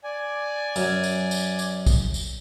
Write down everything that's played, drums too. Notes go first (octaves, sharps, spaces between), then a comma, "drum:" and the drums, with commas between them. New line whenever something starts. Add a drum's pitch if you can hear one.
D5 G#5
F#2, drum: tambourine
drum: tambourine
drum: tambourine
drum: tambourine
drum: kick, tambourine
drum: tambourine